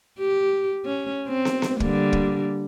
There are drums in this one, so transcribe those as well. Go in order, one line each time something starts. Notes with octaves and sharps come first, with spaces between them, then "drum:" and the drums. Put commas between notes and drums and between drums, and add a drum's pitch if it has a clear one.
G4
C#4
C4
drum: snare
drum: snare
D3 G3 A#3, drum: kick
drum: kick